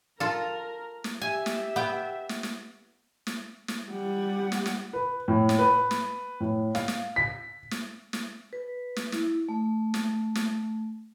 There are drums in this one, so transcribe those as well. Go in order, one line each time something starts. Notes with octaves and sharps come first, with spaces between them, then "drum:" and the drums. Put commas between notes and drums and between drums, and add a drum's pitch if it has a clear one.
F4 A4 A#4 A#5
drum: snare
G4 E5 G#5
drum: snare
B3 G5
drum: snare
drum: snare
drum: snare
drum: snare
G3 F#5
drum: snare
drum: snare
B4
A2
drum: snare
B4
drum: snare
A2
F5, drum: snare
drum: snare
B6
drum: snare
drum: snare
B4
drum: snare
E4, drum: snare
A3
drum: snare
drum: snare